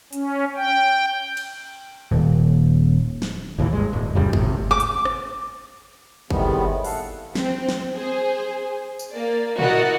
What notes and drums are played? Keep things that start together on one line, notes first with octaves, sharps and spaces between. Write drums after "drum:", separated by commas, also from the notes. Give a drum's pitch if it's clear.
C#4, drum: hi-hat
G5
drum: cymbal
D#1
drum: snare
G#1 D#2 A#2 E3
G2 G#3
D1
F2 A2 C#3 G3
G#1 A2 C3, drum: kick G1
D6
drum: hi-hat
drum: rim click
A2 C3 D#3 G3 G#3 B3, drum: kick G1
A4 F5 F#5, drum: open hi-hat
C4, drum: snare
drum: snare
G#4 C5
drum: tambourine
A#3 D5
E4 F#4 A#4 D5 D#5 F#5, drum: tom